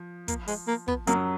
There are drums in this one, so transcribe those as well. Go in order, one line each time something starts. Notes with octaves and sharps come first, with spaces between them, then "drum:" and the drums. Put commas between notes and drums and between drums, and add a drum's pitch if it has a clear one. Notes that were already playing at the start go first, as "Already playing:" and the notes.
Already playing: F3
A#3, drum: kick, hi-hat
G#3, drum: open hi-hat
A#3
B3, drum: kick
F#2 F#3 A#3, drum: hi-hat